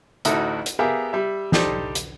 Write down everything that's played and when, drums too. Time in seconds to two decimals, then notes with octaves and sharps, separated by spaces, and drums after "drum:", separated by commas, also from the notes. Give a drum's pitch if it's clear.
0.25 A1 D2 D#4 E4 F#4 A4, drum: hi-hat
0.66 drum: hi-hat
0.79 B3 G4 G#4 A#4 E5 F5
1.13 G3 E5
1.52 G3 D#4 G4 A4 C5 D5, drum: snare
1.95 drum: hi-hat